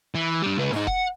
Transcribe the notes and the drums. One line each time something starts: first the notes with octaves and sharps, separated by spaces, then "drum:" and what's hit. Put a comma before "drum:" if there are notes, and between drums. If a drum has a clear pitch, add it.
E3
G3 D4
C#2 B4
G#2 D#4, drum: snare D#4
F#5, drum: kick F1